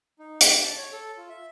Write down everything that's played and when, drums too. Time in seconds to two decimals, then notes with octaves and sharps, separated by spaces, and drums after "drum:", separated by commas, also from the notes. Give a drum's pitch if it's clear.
0.19 D#4
0.41 G4, drum: hi-hat
0.64 A5
0.77 C#5
0.92 A4
1.18 F4
1.29 E5